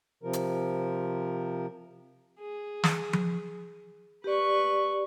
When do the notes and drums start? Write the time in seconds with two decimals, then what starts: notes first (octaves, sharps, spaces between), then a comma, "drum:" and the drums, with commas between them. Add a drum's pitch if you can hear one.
0.23 C3 F3 A#4
0.33 drum: hi-hat
2.39 G#4
2.84 drum: snare
3.13 drum: tom F3
4.24 G4 B4 D5 C#6